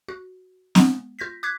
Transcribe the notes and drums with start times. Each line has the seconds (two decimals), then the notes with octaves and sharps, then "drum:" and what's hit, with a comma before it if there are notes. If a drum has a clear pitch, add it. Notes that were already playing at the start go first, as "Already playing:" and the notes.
0.08 F#4
0.75 G#3 B3, drum: snare C4
1.19 F4 G6 A#6 B6
1.43 D6 F#6 G#6 B6